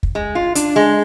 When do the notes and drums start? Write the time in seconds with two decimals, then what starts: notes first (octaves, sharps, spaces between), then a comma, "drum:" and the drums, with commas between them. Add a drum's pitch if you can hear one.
0.03 drum: kick
0.15 G#3
0.35 F4
0.55 D4, drum: hi-hat
0.76 G#3